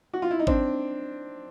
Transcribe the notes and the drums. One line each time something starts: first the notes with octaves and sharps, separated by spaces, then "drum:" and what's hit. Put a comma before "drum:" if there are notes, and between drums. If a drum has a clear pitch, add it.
F#4
F4
E4
D#4
C4 D4, drum: kick G#1